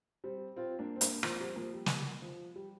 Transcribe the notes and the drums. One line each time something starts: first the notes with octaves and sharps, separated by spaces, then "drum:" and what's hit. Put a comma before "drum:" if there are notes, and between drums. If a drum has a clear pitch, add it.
G3 C4
C4 F4
A#3 D4
C4
A#3 D4, drum: hi-hat
F3 A#3, drum: rim click
G3 C4
F3 A#3
G3
drum: snare
F3
G3